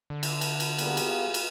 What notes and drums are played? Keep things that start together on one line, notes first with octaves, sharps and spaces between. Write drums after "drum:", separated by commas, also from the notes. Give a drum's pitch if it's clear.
D3
drum: cymbal
drum: cymbal
drum: cymbal
G3 A#3 B3 F4 G4 G#4, drum: cymbal
drum: cymbal
drum: cymbal